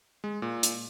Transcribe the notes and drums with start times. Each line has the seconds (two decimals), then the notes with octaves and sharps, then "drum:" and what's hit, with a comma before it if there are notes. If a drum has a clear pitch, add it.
0.24 G#3
0.42 A#2
0.63 drum: hi-hat